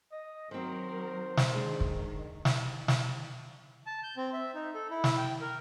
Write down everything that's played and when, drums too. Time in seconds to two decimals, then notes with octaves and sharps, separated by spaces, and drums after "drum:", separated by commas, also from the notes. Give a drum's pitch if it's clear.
0.12 D#5
0.51 D#3 F#3 C4 A#4 C5
1.37 drum: snare
1.54 D#3 G#3 D4
1.80 drum: kick
2.45 drum: snare
2.88 drum: snare
3.86 A5
4.03 G6
4.17 C4
4.33 E5
4.54 D#4
4.74 A4
4.91 E4
5.04 drum: snare
5.17 G5
5.41 A#4